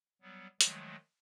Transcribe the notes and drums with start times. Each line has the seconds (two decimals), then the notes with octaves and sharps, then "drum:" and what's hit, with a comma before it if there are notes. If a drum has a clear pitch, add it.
0.22 F#3 G3 B3
0.61 D#3 F3 F#3 G#3 A3, drum: hi-hat